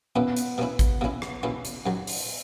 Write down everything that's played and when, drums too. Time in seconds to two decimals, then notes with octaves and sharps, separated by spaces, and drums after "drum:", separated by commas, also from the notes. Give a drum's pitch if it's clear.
0.16 B2 A#3 B3 C#4 E4
0.37 drum: hi-hat
0.58 B2 A#3 C#4 E4
0.79 drum: kick A1, hi-hat
1.01 B2 A#3 C#4 E4
1.22 drum: rim click
1.43 B2 A#3 C#4 E4
1.65 drum: hi-hat
1.86 F#2 D#3 F#3
2.07 drum: open hi-hat